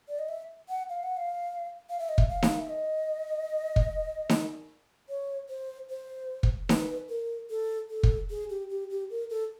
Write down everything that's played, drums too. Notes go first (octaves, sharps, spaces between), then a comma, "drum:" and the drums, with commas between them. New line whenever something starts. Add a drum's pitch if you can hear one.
D5
D#5
E5
F#5
F5
F#5
F5
F5
E5
D#5
E5, drum: kick
F5
drum: snare D#4
E5
D#5
drum: kick
drum: snare D#4
C#5
C5
C5
drum: kick
B4, drum: snare D#4
A#4
A4
A4
drum: kick
G#4
G4
G4
G4
A#4
A4